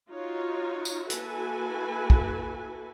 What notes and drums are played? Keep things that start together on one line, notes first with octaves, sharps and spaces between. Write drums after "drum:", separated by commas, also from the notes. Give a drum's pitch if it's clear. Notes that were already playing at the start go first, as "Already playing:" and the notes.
D#4 F4 F#4 C#5
drum: tambourine
A#3 E4 F#4 A4 B4 G#5, drum: hi-hat
drum: kick